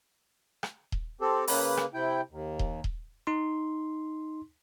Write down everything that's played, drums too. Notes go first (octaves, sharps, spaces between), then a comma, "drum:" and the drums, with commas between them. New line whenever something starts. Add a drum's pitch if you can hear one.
drum: rim click
drum: kick D#1
C4 G4 A4
C#3 A#3 B4, drum: open hi-hat
drum: rim click
C3 E4 G5
D#2
drum: kick D#1
drum: kick D#1
D#4 C6